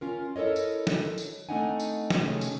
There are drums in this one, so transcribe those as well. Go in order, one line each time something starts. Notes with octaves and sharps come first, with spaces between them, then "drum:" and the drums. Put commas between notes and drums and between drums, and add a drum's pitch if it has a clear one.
C#4 F4 A#4
E4 A4 A#4 C#5 D#5
drum: tambourine
drum: snare
drum: tambourine
A3 C4 D4 D#4 F#5 G#5
drum: tambourine
drum: snare
C3 D#3 A3 C#4 G#4
drum: tambourine